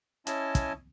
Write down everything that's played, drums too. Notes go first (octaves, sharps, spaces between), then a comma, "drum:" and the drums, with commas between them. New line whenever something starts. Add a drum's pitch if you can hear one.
C#4 E4 D#5 G#5 A5, drum: hi-hat
drum: kick, hi-hat